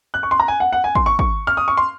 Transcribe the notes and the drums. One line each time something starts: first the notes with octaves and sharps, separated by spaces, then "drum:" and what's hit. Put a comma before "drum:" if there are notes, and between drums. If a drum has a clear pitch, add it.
F#6
C#6
C6
A#5
G#5
F#5
F#5
G#5
C6, drum: kick
C#6
C#6, drum: kick
F6
D#6
C#6
C6